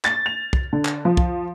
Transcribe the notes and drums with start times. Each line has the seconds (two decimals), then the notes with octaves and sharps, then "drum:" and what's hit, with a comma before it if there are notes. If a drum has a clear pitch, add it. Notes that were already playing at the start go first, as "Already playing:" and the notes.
0.05 A6, drum: clap
0.26 F7
0.53 drum: kick
0.73 D3
0.85 drum: clap
1.05 F3
1.17 drum: kick